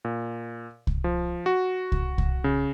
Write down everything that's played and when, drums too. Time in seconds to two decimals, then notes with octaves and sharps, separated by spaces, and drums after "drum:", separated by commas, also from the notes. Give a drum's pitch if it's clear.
0.05 A#2
0.87 drum: kick C2
1.04 F3
1.46 F#4
1.92 drum: kick C2
2.18 drum: kick C2
2.44 C#3